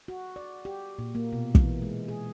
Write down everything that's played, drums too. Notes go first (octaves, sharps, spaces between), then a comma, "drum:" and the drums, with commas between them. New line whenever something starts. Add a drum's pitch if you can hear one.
F#4
D5
G4
A#2
A#3
B2
E3, drum: kick
G#3
G#4